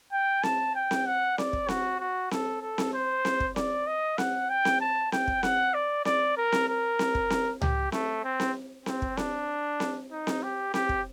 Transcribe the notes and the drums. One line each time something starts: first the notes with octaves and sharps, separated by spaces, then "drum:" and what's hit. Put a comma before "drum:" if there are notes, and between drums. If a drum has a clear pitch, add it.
G5
A5, drum: snare C4
G5
drum: snare C4
F#5
D5, drum: snare C4
drum: kick
F#4, drum: snare C4
F#4
A4, drum: snare C4
A4
drum: snare C4
C5
drum: snare C4
drum: kick
D5, drum: snare C4
D#5
F#5, drum: snare C4
G5
drum: snare C4
A5
G5, drum: snare C4
drum: kick
F#5, drum: snare C4
D5
D5, drum: snare C4
A#4
drum: snare C4
A#4
drum: snare C4
drum: kick
drum: snare C4
G4, drum: tom C#2
A3, drum: snare C4
C4
drum: snare C4
C4, drum: snare C4
drum: kick
D4, drum: snare C4
drum: snare C4
D#4
drum: snare C4
G4
G4, drum: snare C4
drum: kick